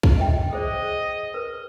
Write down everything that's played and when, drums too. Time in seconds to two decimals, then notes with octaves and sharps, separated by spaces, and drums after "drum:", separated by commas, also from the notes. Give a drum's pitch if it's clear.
0.03 drum: kick B1
0.18 D#5 E5 G5
0.53 G#4 C5 D5 D#5
1.34 A#4 B4